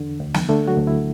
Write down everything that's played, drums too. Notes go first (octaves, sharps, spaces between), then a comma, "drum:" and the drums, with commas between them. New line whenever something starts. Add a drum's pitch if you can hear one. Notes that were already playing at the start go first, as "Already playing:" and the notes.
Already playing: E2 D3 D4
D2
drum: snare
D3 A3 A4
F#3 F#4
D2
E4